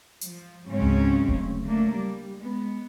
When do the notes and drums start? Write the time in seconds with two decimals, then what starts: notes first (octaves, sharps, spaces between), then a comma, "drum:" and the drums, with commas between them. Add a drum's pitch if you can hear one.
0.21 F3, drum: hi-hat
0.68 G#2 C#3 F#3 G#3 C4 C#4
0.82 drum: tom C#2
1.28 D2, drum: kick E1
1.64 A3 A#3 D4
1.94 G3
2.38 G#3 B3